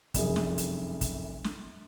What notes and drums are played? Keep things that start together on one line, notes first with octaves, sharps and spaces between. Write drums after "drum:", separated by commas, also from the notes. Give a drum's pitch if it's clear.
F1 C2 F#2 G#4, drum: kick, hi-hat
drum: snare
drum: hi-hat
drum: kick, hi-hat
drum: snare